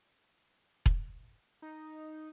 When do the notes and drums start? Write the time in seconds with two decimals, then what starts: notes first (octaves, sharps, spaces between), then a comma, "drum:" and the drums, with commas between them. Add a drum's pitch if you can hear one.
0.86 drum: kick E1
1.62 D#4